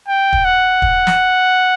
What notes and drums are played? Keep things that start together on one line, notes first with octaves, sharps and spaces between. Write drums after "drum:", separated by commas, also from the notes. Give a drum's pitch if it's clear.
G5
drum: kick
F#5
drum: kick
drum: snare